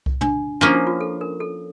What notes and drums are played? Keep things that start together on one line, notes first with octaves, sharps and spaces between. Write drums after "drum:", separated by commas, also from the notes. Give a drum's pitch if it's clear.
drum: kick C2
D4, drum: tom
F3 A#3 C#4 D4
E4
F4
A4
A#4
A4